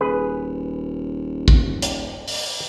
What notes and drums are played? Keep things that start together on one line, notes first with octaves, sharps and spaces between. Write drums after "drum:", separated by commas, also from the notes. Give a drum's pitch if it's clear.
D#1 G#4 B4
drum: kick
drum: hi-hat
drum: open hi-hat